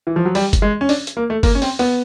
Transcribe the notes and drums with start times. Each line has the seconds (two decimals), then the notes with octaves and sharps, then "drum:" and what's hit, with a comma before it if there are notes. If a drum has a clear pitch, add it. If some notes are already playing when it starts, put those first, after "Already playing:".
0.07 E3
0.16 F3
0.25 F#3
0.35 G3, drum: open hi-hat
0.53 drum: kick G1, hi-hat
0.62 G#3
0.81 C#4
0.89 D4, drum: open hi-hat
1.07 drum: hi-hat
1.17 A#3
1.30 A3
1.43 A#3, drum: kick G1, open hi-hat
1.55 C#4
1.62 C4, drum: open hi-hat
1.79 B3, drum: open hi-hat